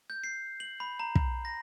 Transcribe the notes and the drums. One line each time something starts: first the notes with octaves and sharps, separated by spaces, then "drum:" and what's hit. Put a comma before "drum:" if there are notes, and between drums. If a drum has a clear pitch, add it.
G6
C7
F#7
B5
A#5
drum: kick
A#6